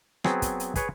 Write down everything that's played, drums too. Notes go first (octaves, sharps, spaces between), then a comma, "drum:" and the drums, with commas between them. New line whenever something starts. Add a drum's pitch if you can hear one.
F#3 B3 C4 G#4, drum: rim click
drum: kick, hi-hat
drum: hi-hat
G#4 B4 C#5 G#5, drum: kick, hi-hat